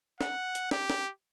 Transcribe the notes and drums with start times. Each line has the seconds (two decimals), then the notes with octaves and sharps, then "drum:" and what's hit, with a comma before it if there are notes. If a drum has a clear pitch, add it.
0.21 F#5, drum: snare
0.55 drum: hi-hat
0.71 G4, drum: snare
0.90 drum: snare